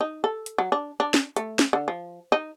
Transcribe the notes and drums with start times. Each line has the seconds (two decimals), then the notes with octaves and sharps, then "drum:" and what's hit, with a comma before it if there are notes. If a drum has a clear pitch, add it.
0.01 D#4
0.24 A4
0.46 drum: hi-hat
0.58 F#3
0.72 D4
1.00 D4
1.14 drum: snare
1.36 A3, drum: hi-hat
1.59 drum: snare
1.73 D3
1.88 F3
2.32 D#4